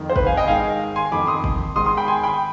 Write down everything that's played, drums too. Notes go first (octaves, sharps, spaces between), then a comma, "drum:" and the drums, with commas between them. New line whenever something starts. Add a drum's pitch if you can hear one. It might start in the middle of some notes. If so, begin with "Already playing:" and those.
Already playing: F2 D#3
C5
B4, drum: kick
F5 G#5
D#5 G5
G#2 D#3 F5 G#5
G#5 C6
F2 D#3 B5 D6
C6 D#6
drum: kick
G#2 D#3 C6 D#6
C6 D#6
G5 B5
G#5 C6
G5 B5